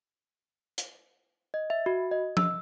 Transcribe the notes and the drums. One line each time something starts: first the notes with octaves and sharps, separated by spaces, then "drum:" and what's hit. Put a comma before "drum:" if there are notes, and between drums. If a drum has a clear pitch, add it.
drum: hi-hat
D#5
E5
F#4
D#5
E6, drum: tom F3